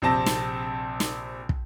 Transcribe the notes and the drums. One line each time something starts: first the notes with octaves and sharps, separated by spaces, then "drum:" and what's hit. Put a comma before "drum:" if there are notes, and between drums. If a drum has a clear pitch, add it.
A#1 C3 C4 A5 A#6
drum: snare
drum: snare
drum: kick